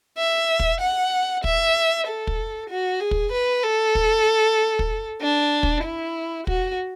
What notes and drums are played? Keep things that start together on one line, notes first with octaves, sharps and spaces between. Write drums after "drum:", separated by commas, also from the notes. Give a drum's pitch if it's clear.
E5
drum: kick
F#5
E5, drum: kick
A4
drum: kick
F#4
G#4
drum: kick
B4
A4
drum: kick
drum: kick
D4
drum: kick
E4
F#4, drum: kick